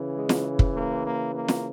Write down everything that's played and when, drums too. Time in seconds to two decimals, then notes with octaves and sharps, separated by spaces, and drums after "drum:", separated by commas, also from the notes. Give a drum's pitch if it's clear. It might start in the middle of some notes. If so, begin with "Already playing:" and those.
Already playing: C#3 E3
0.14 G#3
0.29 drum: snare
0.59 drum: kick
0.74 A#3
1.04 A#3
1.34 A#3
1.48 drum: snare